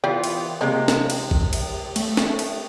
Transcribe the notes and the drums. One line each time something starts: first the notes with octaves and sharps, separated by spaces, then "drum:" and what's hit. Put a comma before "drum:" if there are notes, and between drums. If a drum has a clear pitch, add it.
E3 B3 F4 C5 D5 G5
drum: cymbal
C3 F3 G#3 A#3
drum: snare
drum: cymbal
drum: kick A1
drum: cymbal
A3, drum: cymbal
drum: snare
drum: cymbal